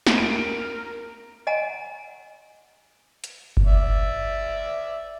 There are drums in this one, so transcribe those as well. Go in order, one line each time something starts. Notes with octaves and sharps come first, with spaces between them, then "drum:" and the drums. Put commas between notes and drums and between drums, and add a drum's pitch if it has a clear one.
drum: snare
A#4 D7
D#5 F#5 G#5 A#5
drum: hi-hat
drum: kick F#1
D5 E5